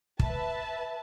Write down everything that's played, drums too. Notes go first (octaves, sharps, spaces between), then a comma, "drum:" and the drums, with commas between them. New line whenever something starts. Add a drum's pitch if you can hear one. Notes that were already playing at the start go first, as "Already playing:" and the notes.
B4 E5 A5, drum: kick